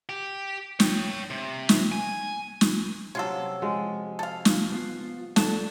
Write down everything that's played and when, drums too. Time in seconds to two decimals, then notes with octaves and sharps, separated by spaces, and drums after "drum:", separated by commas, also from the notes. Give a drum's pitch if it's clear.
0.09 G4
0.80 C#5 G5, drum: snare
1.30 C3
1.69 drum: snare
1.92 G#5
2.61 drum: snare
3.15 C3 F#3 C#4 F4 A4
3.62 F3 G#3 F#4
4.19 A4 F5
4.45 drum: snare
4.72 B3 F4
5.36 D4 A4 A5, drum: snare